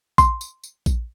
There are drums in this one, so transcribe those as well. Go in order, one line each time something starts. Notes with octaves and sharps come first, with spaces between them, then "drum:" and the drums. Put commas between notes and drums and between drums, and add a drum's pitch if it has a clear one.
C6, drum: kick A#1, tambourine
drum: tambourine
drum: tambourine
drum: kick A#1, tambourine